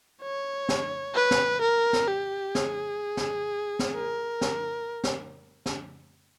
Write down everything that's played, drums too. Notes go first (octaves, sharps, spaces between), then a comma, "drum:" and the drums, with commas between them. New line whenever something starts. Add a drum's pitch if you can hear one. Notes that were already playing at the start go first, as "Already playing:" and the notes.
C#5
drum: snare
B4
drum: snare
A#4
drum: snare
G4
G#4, drum: snare
drum: snare
drum: snare
A#4
drum: snare
drum: snare
drum: snare